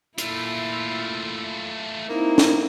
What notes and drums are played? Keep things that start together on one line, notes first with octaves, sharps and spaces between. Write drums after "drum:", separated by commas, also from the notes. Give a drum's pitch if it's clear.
A#2 A3 E4 F4, drum: hi-hat
A#3 C4 D#4 E4
drum: snare